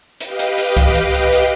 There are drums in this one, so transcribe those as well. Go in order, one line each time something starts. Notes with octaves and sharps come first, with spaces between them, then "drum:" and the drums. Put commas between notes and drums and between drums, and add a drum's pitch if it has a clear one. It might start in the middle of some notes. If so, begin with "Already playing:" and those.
G4 B4 D#5 F5 G5, drum: hi-hat
drum: hi-hat
drum: hi-hat
drum: kick C2, hi-hat
drum: hi-hat
drum: hi-hat
drum: hi-hat